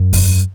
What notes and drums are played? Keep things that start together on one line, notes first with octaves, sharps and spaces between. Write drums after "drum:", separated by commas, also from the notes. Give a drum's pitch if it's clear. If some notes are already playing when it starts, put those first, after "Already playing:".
Already playing: F#2
drum: kick E2, open hi-hat